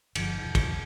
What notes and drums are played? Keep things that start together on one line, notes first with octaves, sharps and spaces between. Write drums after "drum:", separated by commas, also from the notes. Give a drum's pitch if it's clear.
G1 F3, drum: cymbal
E1
drum: kick, cymbal